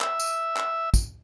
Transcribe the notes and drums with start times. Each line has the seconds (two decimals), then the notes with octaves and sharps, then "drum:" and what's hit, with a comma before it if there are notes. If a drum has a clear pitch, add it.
0.01 E5, drum: clap
0.20 drum: tambourine
0.57 drum: clap
0.94 drum: kick, tambourine